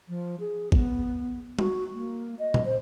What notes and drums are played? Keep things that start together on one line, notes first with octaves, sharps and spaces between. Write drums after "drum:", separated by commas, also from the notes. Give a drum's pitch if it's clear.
F3
G#4
B3, drum: kick A1
F#4, drum: tom G3
A#3
D#5
drum: tom A#2
C5